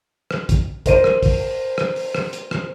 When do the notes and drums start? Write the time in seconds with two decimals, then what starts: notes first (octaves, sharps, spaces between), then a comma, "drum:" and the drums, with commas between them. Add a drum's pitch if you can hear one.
0.31 drum: rim click
0.49 drum: kick, hi-hat
0.86 A#4 C5 D#7, drum: kick, hi-hat
1.04 drum: rim click
1.23 drum: kick, open hi-hat
1.78 drum: rim click
1.96 drum: open hi-hat
2.15 drum: rim click
2.33 drum: hi-hat
2.51 drum: rim click